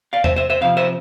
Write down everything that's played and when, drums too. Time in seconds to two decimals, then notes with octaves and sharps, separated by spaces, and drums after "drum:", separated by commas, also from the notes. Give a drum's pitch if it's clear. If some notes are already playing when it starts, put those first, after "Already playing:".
0.13 D5 F5
0.24 C5 E5, drum: tom E2
0.36 C5 E5
0.50 C5 E5
0.61 F2 C3 F3 F5
0.77 C5 E5